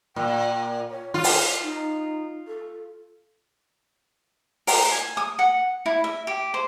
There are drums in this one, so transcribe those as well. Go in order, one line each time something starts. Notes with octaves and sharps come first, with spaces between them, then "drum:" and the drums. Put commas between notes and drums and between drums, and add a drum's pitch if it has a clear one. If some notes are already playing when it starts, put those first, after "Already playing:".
A#2 G5
C#5
F4
drum: open hi-hat
D#4
A4
A#4, drum: open hi-hat
G#5
D#6
F#5
E4
E5
G4
C5